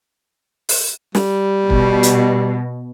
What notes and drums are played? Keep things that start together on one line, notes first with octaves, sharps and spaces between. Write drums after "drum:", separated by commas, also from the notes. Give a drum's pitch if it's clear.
drum: open hi-hat
G3, drum: snare
B2, drum: kick
drum: hi-hat